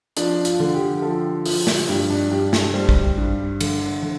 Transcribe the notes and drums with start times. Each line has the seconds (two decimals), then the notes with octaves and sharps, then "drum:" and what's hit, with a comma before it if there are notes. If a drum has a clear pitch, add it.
0.17 F3 D4, drum: hi-hat
0.45 F4, drum: hi-hat
0.60 D3
0.74 G4
1.02 F3 A4
1.46 F3, drum: open hi-hat
1.67 drum: snare
1.88 G2 G4
2.10 D4
2.31 G2 G4
2.53 A4, drum: snare
2.74 G3 C5
2.89 drum: kick
3.17 G2
3.61 D3, drum: cymbal
4.02 D3